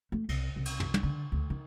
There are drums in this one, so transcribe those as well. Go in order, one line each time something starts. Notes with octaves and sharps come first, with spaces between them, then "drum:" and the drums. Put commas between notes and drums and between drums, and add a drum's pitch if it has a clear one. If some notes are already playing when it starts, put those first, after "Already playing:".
A3
C2, drum: cymbal
C2
drum: cymbal
drum: tom
drum: tom
D3
D2
D#3